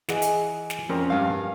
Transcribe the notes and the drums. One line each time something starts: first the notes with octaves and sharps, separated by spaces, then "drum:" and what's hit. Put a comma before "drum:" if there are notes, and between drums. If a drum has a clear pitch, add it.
E3 G#4 D#5 F#5 G#5, drum: snare
drum: hi-hat
drum: snare
F2 C#4 A#4 D5
G2 F5